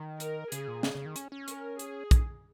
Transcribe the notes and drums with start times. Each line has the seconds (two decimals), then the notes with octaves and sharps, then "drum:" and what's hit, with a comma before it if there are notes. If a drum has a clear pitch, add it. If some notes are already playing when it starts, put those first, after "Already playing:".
Already playing: D#3
0.20 A#4, drum: hi-hat
0.52 C#3 G#4, drum: hi-hat
0.68 A#2
0.83 C#3, drum: snare
0.95 C#3
1.06 D#3
1.16 C#4, drum: hi-hat
1.32 C#4
1.48 A#4, drum: hi-hat
1.79 G#4, drum: hi-hat
2.11 drum: kick, hi-hat